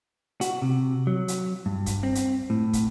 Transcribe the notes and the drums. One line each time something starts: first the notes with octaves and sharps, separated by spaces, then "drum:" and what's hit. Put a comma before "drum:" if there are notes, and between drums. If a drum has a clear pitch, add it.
F#4, drum: hi-hat
C3
F#3
drum: hi-hat
G2
drum: kick, hi-hat
C4
drum: hi-hat
A2
drum: kick, hi-hat